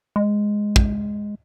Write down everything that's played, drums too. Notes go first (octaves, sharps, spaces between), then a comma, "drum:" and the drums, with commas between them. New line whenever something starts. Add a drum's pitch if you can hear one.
G#3
drum: kick